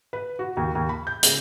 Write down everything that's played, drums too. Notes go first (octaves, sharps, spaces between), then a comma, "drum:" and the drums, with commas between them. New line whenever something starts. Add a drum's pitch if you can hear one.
B4
F#4
D#2
D#2
B5
G6
C#3, drum: hi-hat